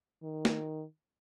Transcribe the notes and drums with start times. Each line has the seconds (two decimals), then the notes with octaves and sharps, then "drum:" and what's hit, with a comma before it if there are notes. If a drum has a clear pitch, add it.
0.23 D#3
0.45 drum: snare